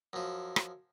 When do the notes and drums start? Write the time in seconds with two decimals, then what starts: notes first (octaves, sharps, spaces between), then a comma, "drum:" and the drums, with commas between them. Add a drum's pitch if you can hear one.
0.13 F#2 F3
0.56 drum: rim click